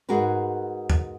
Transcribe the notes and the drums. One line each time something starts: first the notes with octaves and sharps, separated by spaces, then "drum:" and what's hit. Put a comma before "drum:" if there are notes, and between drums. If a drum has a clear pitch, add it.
G#2 F#4 G#4 A#4 B4
drum: tom